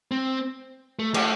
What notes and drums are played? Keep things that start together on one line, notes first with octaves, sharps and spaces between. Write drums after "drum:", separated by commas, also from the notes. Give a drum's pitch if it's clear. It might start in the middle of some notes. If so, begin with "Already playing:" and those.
C4
A3
A3, drum: cymbal